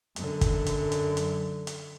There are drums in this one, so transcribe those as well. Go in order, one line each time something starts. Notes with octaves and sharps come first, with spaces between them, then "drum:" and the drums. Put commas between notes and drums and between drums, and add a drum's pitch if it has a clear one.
F#2 D3, drum: hi-hat
drum: kick, hi-hat
drum: hi-hat
drum: hi-hat
drum: hi-hat
drum: hi-hat